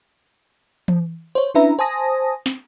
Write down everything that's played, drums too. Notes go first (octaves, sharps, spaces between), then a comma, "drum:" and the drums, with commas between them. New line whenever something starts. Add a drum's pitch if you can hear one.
drum: tom E3
C5 C#5
C#4 D4 E4 B4 E5 A#5
C5 G#5 A5 D#6 A#6
drum: snare